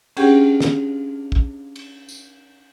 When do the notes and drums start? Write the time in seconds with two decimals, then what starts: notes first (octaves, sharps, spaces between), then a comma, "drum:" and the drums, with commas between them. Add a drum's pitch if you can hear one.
0.17 C#4 D4 G4 G#4 F#5 G5, drum: cymbal
0.60 drum: snare
1.32 drum: kick
1.76 drum: cymbal
2.09 drum: tambourine